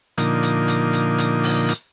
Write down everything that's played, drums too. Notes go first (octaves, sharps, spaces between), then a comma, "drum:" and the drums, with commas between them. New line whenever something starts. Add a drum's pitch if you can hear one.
A#2 D3 F3 A#3 D#4, drum: hi-hat
drum: hi-hat
drum: hi-hat
drum: hi-hat
drum: hi-hat
drum: open hi-hat
drum: hi-hat